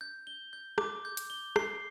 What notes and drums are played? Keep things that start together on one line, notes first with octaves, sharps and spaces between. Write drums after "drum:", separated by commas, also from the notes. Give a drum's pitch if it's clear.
G6
G7
G6
D6, drum: rim click
G6
drum: hi-hat
G7
C7, drum: rim click